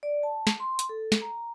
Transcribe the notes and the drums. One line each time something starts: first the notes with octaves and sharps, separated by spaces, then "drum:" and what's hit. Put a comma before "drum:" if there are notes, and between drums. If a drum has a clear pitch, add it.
D5
A5
drum: snare
C6
drum: hi-hat
A4
drum: snare
A#5